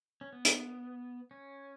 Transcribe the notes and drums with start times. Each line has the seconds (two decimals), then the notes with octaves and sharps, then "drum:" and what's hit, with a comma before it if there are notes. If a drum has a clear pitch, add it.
0.21 C#4
0.33 B3
0.45 drum: hi-hat
1.31 C#4